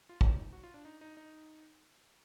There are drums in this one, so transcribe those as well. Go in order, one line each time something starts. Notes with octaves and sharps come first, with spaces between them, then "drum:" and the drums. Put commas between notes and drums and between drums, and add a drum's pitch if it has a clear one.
F4
D#4, drum: kick
F#4
F4
D4
D#4
D#4
D#4